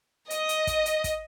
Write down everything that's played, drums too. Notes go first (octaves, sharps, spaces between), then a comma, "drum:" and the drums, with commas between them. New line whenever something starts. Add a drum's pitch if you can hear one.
D#5, drum: hi-hat
drum: hi-hat
drum: kick, hi-hat
drum: hi-hat
drum: kick, hi-hat